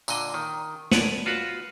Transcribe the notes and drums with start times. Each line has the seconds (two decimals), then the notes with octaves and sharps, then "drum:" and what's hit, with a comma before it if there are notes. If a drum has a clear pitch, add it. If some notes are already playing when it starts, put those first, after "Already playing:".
0.08 A#2 D3 D#5, drum: tambourine
0.34 D#3
0.91 B4 C#5 D5 F#5 G#5 A5, drum: snare
1.26 F4 F#4 B4